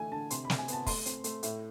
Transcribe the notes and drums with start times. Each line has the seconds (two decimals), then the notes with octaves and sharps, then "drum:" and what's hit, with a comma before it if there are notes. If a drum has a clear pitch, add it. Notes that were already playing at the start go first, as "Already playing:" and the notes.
Already playing: D3 E3 A3 G#5
0.12 D3 A5
0.30 C3 C6, drum: hi-hat
0.45 B5
0.50 C3, drum: snare
0.58 G#5
0.68 B3 A5, drum: hi-hat
0.87 A3 C6, drum: kick, open hi-hat
1.06 C4, drum: hi-hat
1.24 A3, drum: hi-hat
1.43 A2, drum: hi-hat